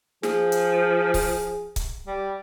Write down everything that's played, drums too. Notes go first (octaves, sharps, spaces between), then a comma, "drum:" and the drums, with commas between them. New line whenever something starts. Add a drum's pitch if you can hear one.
F3 G#4, drum: snare
drum: hi-hat
drum: kick C#1, open hi-hat
drum: kick C#1, hi-hat
G3